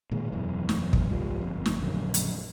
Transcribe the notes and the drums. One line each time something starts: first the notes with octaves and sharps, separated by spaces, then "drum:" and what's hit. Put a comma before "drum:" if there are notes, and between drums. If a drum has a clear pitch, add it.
A#2 D#3 G#3
E1 F#2 E3
drum: snare
drum: kick
C#2 G#2 F3 G3
G1 F2
drum: snare
A#1 F#2 D3 D#3
drum: hi-hat